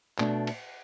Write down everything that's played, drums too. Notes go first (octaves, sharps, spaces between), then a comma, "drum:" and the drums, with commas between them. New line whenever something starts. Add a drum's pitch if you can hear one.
B2 A3 D4, drum: clap
drum: cymbal